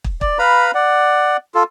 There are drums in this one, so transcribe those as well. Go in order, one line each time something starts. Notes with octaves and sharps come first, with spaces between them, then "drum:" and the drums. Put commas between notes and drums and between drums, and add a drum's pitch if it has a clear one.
drum: kick
D5, drum: kick
B4 F5 A#5 B5
D5 F#5
F4 A4